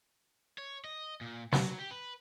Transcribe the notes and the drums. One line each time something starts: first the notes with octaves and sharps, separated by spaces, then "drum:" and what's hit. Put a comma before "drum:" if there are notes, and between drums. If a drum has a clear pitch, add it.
C#5
D#5
A#2
F#3, drum: snare
G4
B4